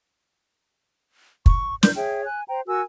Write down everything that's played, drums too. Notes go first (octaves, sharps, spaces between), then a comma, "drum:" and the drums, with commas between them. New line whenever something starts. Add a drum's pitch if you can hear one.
C#6, drum: kick
A#4 B4 D5 G6, drum: snare
G#4 C#5 E5 G5
G#5 F#6
C5 G5 A#5
F#4 A#4 G#5 E6